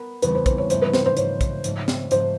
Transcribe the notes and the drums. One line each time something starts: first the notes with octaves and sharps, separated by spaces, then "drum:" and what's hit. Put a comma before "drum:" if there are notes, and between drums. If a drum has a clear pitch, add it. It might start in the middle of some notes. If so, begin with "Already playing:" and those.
Already playing: B3 A#4
E2 C#3 E3 G3 B3 B4, drum: hi-hat
C5
C5, drum: kick, hi-hat
C#5
G#2 F3 A3 C5, drum: hi-hat
B4
C5, drum: snare
C5
G#2 F3 A3 C#5, drum: hi-hat
drum: kick, hi-hat
G#2 F3 A3, drum: hi-hat
drum: snare
G#2 F3 A3 C5, drum: hi-hat